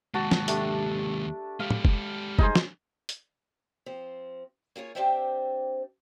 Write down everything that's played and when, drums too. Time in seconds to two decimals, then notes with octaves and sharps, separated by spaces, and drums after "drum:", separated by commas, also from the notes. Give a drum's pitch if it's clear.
0.14 D#2 G#3 F#4 A5
0.31 drum: snare
0.48 A3 D4 G4, drum: hi-hat
1.60 G#3 G4 F5
1.71 drum: tom
1.85 drum: kick F1
2.39 D#4 G#4 C5, drum: kick F1
2.55 drum: snare
3.09 drum: hi-hat
3.86 F3 C4
4.76 A#3 F4 G#4 C#5
4.95 C4 D4 G4 C5 E5 G5